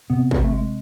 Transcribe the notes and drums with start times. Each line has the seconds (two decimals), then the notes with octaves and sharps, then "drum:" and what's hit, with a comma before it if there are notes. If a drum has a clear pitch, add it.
0.10 C3 B3
0.31 drum: kick
0.44 A3
0.53 G#3